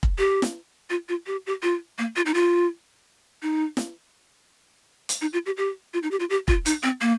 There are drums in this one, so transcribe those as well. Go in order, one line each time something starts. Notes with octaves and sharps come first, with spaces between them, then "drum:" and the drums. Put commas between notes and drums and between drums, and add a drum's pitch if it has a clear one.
drum: kick
G4
drum: snare
F4
F4
G4
G4
F4
A#3
F4
D#4
F4
D#4
drum: snare
drum: hi-hat
D#4
F4
G4
G4
F4
D#4
G4
F4
G4
F4, drum: kick
D#4, drum: hi-hat
C4
A#3